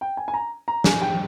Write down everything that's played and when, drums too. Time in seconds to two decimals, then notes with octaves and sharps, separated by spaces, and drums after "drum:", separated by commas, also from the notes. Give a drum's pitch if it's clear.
0.01 G5
0.17 G#5
0.28 G#5
0.34 A#5
0.68 A#5
0.84 G#5, drum: snare
1.02 G5